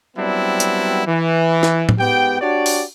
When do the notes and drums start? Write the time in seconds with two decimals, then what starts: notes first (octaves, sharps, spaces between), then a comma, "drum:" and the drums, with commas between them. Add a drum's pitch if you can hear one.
0.17 F#3 G3 B3 C4 D4 E4
0.60 drum: hi-hat
1.07 E3
1.63 drum: snare
1.89 drum: tom A2
1.98 G#2 B3 G4 G5
2.40 D4 F#4 G4 C#5 D5
2.66 drum: open hi-hat